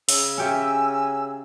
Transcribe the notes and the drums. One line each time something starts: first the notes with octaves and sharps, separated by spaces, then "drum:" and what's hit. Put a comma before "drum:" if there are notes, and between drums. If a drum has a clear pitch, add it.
C#3 E6, drum: open hi-hat
C#4 G4 E5 G#5